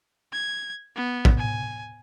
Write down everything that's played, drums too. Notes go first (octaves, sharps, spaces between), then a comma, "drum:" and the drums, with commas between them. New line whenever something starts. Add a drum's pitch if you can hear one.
G#6
B3
drum: kick
G#5